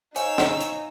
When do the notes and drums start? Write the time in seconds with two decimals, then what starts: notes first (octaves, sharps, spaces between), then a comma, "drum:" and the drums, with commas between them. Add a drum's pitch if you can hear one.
0.16 D#4 C5 C#5 F5 G#5 E6, drum: hi-hat
0.38 drum: snare
0.61 drum: hi-hat